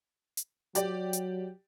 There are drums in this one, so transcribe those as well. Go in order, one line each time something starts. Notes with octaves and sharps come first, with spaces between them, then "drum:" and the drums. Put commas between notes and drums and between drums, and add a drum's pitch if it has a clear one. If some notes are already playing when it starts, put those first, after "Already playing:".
drum: hi-hat
F#3 G4 D5, drum: hi-hat
drum: hi-hat